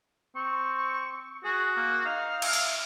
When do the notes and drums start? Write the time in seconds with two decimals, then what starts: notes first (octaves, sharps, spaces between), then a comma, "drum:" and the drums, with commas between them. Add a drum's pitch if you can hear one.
0.36 C4 C#6
1.44 F#4 G#4
1.77 A#3
2.06 D#4 F5
2.42 E5, drum: cymbal
2.53 drum: cymbal